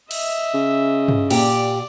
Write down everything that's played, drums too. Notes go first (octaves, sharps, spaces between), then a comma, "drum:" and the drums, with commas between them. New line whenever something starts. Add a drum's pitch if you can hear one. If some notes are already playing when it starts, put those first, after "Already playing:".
D#5 E5, drum: cymbal
C#3
drum: tom
A#2 G4 D5, drum: cymbal